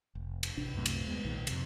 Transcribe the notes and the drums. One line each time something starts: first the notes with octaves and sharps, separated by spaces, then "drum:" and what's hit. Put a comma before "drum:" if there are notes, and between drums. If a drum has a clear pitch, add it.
F1
drum: cymbal
A1 C3 D4
C2 F#2 A2 C3
drum: cymbal
D#2 G#3 B3
B1 A#2 D#3
F2 C3, drum: cymbal